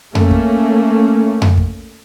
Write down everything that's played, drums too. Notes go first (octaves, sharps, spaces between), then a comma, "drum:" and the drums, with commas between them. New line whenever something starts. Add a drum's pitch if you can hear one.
A3 A#3 C#4, drum: tom F2
drum: kick
drum: tom F2
drum: kick